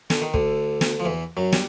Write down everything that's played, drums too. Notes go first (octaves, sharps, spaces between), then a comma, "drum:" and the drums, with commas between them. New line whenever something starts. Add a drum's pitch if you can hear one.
D3, drum: snare
D#3
D2 D3, drum: kick
drum: snare
F3
E2 E3
F#2 F#3
G3, drum: snare